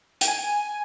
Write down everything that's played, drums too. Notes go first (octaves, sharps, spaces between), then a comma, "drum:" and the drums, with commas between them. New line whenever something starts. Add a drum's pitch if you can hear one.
G5, drum: hi-hat
G#5